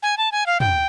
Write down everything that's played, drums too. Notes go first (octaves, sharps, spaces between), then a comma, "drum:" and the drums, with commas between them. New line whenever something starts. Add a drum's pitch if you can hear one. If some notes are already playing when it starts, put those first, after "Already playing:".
G#5
A5
G#5
F5
G5, drum: tom